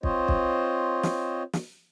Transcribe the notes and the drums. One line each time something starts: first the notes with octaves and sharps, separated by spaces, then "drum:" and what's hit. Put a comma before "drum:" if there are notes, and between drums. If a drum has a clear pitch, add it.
C4 F4 C5 C#5 D#5, drum: kick
drum: kick
drum: snare
drum: snare